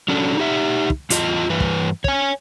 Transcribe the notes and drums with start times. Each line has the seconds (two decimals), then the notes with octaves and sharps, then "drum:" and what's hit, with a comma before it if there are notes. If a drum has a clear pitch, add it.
0.08 F#3 C#4 D4 A4
0.37 D#4 G4 E5
0.90 drum: kick
1.10 E2 F4 D#5, drum: hi-hat
1.49 G2 E3 B4
1.60 drum: kick
2.04 C#5 G#5, drum: kick